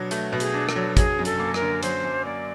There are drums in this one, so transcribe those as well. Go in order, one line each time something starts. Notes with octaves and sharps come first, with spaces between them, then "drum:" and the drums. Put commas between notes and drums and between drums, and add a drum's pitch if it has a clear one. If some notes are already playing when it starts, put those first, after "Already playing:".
Already playing: B2 F#3 D4
A3, drum: hi-hat
B2
G#4, drum: hi-hat
D4
A#4, drum: rim click
F#3 A4
F#3 G#4, drum: kick, hi-hat
F#2
A4, drum: hi-hat
A#3
A#4, drum: rim click
D3
F#3 C5, drum: hi-hat
F#2
A#3 D5